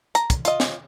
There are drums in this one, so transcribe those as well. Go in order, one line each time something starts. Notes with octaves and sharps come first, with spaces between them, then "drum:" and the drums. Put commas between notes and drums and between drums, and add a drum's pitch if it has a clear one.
A#5, drum: hi-hat
drum: kick, hi-hat
F4 D#5, drum: hi-hat
drum: snare